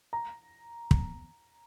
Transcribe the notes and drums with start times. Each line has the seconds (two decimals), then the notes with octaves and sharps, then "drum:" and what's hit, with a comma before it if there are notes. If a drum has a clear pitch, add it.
0.13 A#5
0.91 drum: kick